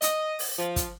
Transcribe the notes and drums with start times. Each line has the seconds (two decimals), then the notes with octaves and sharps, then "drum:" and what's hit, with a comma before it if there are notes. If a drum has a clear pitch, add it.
0.02 D#5, drum: hi-hat
0.39 drum: open hi-hat
0.59 F3
0.76 drum: kick, hi-hat